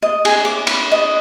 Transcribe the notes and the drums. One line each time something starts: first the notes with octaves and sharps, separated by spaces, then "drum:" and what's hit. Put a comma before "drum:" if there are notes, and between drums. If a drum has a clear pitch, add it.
D#5
G#4, drum: cymbal
D6
B5, drum: cymbal
D#5